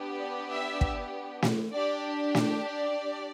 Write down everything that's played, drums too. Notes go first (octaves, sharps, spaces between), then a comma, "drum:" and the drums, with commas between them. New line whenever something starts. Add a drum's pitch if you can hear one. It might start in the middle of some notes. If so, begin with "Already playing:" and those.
Already playing: B3 D4 G4
D5
E5
drum: kick
drum: snare
D4 G4 D5
drum: snare
D5